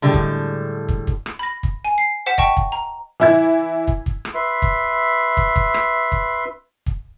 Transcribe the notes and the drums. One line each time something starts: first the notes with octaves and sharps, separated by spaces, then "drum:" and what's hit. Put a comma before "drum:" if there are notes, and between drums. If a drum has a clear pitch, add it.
A2 D3 G3 G#3
drum: kick
drum: kick
drum: kick
drum: rim click
B5 A#6
drum: kick
G#5
C7
C5 F#5 B6 E7
D#5 G5 A5 C#6, drum: kick
drum: kick
A#5
E3 E4 G#6
drum: kick
drum: kick
drum: rim click
B4 E5 C6
drum: kick
drum: kick
drum: kick
drum: rim click
drum: kick
drum: kick